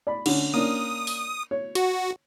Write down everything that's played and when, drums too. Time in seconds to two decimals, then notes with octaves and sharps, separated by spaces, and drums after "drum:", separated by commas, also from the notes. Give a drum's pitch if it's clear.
0.07 D5 B5
0.26 D3 C#4, drum: cymbal
0.54 A#3 C#4 D4 D#6
1.07 drum: open hi-hat
1.51 C#5
1.75 F#4, drum: hi-hat